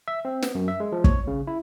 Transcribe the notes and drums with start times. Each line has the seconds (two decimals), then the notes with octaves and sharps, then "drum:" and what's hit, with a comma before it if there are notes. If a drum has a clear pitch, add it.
0.08 E5
0.25 C4
0.42 B3, drum: snare
0.55 F#2
0.68 E5
0.80 G#3
0.92 F3
1.04 C#5, drum: kick
1.27 C#3
1.47 E4